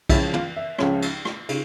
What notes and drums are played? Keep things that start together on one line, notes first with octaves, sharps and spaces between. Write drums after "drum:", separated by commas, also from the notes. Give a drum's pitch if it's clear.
C#2 C#3 F3 C#4 E4, drum: kick, cymbal
F4, drum: tom
E5
C#2 C#3 F3 C#4, drum: rim click
drum: cymbal
drum: rim click
C#3, drum: cymbal